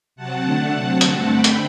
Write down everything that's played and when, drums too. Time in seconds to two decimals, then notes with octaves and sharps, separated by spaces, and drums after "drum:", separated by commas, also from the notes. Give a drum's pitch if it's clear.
0.16 C3 F#3 C4 F#5 A5
0.44 D3 A3 D4
0.73 C3 F#3 C4
1.01 G2 D3 A3 C4 F#5 A5, drum: hi-hat
1.29 D3 A3 C4 G5 B5
1.44 drum: hi-hat